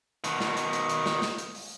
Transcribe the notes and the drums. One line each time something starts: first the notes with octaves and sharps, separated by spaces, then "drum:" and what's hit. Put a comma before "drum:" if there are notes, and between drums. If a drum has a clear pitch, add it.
B2 D#3, drum: hi-hat
drum: snare
drum: hi-hat
drum: hi-hat
drum: hi-hat
drum: snare
drum: snare
drum: hi-hat
drum: open hi-hat